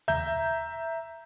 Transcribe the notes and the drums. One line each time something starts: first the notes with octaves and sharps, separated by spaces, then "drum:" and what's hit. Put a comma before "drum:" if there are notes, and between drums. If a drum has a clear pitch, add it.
E5 A#5 G6, drum: tom D#2